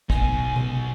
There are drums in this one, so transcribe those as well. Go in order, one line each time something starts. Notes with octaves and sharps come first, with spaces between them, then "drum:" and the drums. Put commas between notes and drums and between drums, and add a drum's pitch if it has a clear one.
B2 D#4 G#5, drum: kick
drum: tom C3